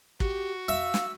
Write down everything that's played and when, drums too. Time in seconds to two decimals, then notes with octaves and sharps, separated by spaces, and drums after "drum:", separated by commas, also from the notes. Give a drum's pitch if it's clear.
0.20 F#4 G4, drum: kick
0.68 E5 F5
0.94 drum: snare